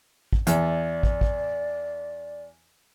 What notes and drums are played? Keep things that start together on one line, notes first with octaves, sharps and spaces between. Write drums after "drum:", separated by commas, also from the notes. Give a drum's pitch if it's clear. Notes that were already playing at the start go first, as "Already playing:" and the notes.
drum: kick
E2 D5, drum: hi-hat
drum: kick
drum: kick